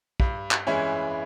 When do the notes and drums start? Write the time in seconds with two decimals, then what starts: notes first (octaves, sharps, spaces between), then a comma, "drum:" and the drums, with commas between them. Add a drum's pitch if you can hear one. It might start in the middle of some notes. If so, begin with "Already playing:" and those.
0.20 G2, drum: kick
0.51 drum: clap
0.67 E3 G#3 C#4 E4